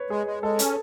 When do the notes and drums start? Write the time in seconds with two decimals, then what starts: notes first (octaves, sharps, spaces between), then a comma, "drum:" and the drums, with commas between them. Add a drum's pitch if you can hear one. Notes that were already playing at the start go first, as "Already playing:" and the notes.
Already playing: B4 C#5
0.10 G#3 G#4
0.27 G#3
0.43 G#3 A4
0.59 C#4, drum: hi-hat